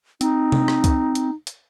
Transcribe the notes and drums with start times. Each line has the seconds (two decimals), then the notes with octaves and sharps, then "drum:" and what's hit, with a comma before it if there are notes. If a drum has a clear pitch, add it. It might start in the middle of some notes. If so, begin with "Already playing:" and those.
0.21 C4 D#4, drum: hi-hat
0.52 drum: tom C3
0.68 drum: rim click
0.84 drum: kick C#2, hi-hat
1.15 drum: hi-hat
1.47 drum: hi-hat